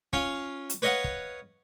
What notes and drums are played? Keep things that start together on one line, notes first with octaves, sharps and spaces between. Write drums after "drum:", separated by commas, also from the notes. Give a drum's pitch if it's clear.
C#4 F4 F5, drum: kick
drum: hi-hat
B4 C#5 D#5 F5 F#5
drum: kick